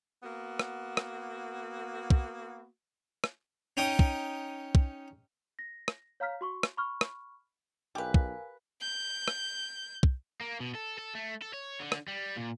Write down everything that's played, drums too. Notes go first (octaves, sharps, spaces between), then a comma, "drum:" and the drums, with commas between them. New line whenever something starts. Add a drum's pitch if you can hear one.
A#3 B3 F#4
drum: rim click
drum: rim click
drum: kick
drum: rim click
C#4 D#4 G5 D#6
drum: kick
drum: kick
A#6
drum: rim click
C#5 F5 A#5 F6 B6
F#4 C6 C#6
drum: rim click
B5 C#6 F6
drum: rim click
B1 G4 A#4 B4 F5 G#5
drum: kick
G6
drum: rim click
drum: kick
A#3
B2
A4
A4
A3
A4
C#5
D3
drum: rim click
G3
A#2